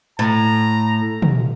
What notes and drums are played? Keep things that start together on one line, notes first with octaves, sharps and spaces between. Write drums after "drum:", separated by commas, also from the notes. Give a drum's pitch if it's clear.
A2 A#5
drum: tom